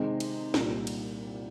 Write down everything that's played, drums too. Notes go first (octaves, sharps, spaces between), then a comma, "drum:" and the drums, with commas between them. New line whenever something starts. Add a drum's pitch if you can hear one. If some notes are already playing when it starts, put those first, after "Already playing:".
Already playing: C3 D#3 G#3 C4 D#4
drum: cymbal
C2 A#2 G3 A#3, drum: snare
drum: cymbal